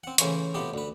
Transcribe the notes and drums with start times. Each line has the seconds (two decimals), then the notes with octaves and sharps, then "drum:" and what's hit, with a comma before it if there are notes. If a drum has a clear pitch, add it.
0.04 C4 F#5
0.18 A2 C#3 E3 C5 F5 C#6, drum: hi-hat
0.54 A2 C3 B3 F4 G4
0.74 D2 B4